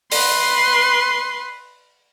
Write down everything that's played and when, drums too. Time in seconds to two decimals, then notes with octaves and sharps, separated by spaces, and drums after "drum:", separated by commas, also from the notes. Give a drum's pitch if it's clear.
0.12 B4 C6, drum: open hi-hat